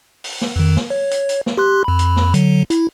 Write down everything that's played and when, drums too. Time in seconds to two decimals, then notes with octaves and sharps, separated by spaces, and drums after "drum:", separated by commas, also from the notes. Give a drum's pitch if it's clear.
0.24 drum: open hi-hat
0.41 drum: snare
0.56 F2 D#3
0.76 drum: snare
0.90 C#5
1.11 drum: hi-hat
1.29 drum: hi-hat
1.46 drum: snare
1.57 G4 C6 F#6
1.84 F2 B5
1.99 drum: hi-hat
2.16 drum: snare
2.34 D3 F#3, drum: hi-hat
2.70 E4, drum: hi-hat